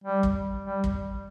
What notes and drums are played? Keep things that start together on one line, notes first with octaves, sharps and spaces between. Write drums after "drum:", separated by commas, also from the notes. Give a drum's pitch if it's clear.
G3
drum: kick
G3
drum: kick